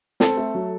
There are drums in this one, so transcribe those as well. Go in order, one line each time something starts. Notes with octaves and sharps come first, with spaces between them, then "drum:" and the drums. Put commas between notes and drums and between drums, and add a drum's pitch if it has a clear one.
C4 A4, drum: snare
A3
F#3